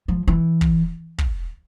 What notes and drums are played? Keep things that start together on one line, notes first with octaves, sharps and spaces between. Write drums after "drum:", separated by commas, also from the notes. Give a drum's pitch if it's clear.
F3
E3
drum: kick
drum: kick